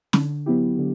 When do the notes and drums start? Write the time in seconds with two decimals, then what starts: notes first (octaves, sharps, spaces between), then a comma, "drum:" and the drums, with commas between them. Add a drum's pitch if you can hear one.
0.13 D3, drum: snare
0.46 F#3 B3 E4 G4
0.78 D3